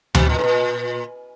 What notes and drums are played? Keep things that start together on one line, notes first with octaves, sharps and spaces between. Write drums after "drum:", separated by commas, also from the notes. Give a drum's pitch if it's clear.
B2, drum: tom D2
A#2
G#2
A#2